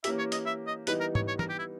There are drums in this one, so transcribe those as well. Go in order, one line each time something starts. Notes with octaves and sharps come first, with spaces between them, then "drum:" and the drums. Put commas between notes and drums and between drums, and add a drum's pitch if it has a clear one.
E3 A#3 C#4 G4 E5, drum: hi-hat
C#5
D#5, drum: hi-hat
E5
D#5
E3 G3 B3 D#4 B4, drum: hi-hat
A#4
C#5, drum: tom G#2
C#5
A#4, drum: tom
G4
E4